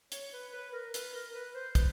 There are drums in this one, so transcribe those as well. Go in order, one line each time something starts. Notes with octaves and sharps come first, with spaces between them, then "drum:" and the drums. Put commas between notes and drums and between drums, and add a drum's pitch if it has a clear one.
C#5, drum: hi-hat
B4
B4
A#4
B4, drum: hi-hat
A#4
B4
C5
B4, drum: kick, hi-hat